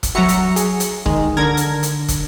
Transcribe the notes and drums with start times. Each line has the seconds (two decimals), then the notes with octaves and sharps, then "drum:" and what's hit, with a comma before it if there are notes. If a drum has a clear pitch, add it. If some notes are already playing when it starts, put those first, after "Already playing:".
0.03 drum: kick, hi-hat
0.15 F#3 F#4 E5 F#5 A#5 C#7
0.29 drum: hi-hat
0.56 G#4, drum: hi-hat
0.80 drum: hi-hat
1.06 D#3 G#3, drum: kick
1.37 D3 D4 A#4 G#6 A#6
1.57 drum: hi-hat
1.83 drum: hi-hat
2.08 drum: kick, hi-hat